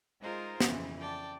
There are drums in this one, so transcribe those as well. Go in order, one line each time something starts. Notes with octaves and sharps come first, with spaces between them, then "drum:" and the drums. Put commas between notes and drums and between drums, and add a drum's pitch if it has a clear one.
G#3 D#4 F4 G#4 A#4 C5
F2 C#3 E3, drum: snare
D5 G5 A5